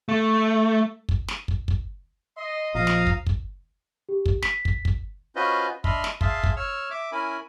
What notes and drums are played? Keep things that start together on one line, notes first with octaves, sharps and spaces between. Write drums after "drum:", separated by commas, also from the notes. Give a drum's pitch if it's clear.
A3
drum: kick
drum: snare
drum: kick
drum: kick
D#5 C6
A#1 F3 F5 A#5 D#6
drum: snare
drum: kick
drum: kick
G4
drum: kick
B6, drum: snare
drum: kick
drum: kick
C#4 F4 F#4 B4 C5 D#5
D4 D#5 E5 B5 C6 F6, drum: kick
drum: snare
G#4 E5 F5 A5 C6, drum: kick
drum: kick
C#5 E6 F6
E5 D6
C#4 E4 A#4 G#5 B5